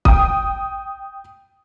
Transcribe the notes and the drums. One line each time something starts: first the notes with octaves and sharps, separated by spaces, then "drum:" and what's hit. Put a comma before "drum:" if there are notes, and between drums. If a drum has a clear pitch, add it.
G5 D#6, drum: kick